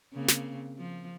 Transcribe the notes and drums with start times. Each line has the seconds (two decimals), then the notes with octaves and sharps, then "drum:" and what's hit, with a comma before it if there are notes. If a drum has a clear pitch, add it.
0.14 C#3 A#3 C4
0.28 drum: snare
0.78 F3